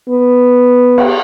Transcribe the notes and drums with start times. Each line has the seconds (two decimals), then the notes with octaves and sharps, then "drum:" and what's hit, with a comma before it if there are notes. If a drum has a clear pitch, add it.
0.09 B3
0.98 drum: cymbal